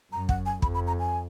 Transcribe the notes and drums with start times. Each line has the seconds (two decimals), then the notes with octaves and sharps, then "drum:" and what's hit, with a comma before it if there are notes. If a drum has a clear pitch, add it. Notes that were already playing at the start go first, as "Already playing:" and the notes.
0.12 F#2 A#5
0.29 F#5, drum: kick
0.46 G#5
0.62 F2 B5, drum: kick
0.74 B5
0.87 A#5
1.00 G#5